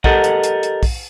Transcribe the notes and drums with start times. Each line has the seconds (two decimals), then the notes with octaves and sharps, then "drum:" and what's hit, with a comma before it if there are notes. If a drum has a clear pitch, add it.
0.04 G4 A4 A#4 D#5 F#5, drum: kick
0.24 drum: hi-hat
0.43 drum: hi-hat
0.63 drum: hi-hat
0.83 drum: kick, open hi-hat